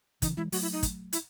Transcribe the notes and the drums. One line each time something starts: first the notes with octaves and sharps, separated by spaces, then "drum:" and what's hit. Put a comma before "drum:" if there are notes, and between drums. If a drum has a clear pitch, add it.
C#3 E3 D#4, drum: kick, hi-hat
E3 G#3 E4
F#3 A3 F#4, drum: open hi-hat
E4
D#4
drum: kick, hi-hat
E4, drum: hi-hat